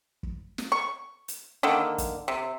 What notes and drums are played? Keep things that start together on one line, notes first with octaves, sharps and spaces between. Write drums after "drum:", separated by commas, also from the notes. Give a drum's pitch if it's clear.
drum: kick
drum: snare
C#6
drum: hi-hat
D3 D#3 A#3
drum: kick, hi-hat
C3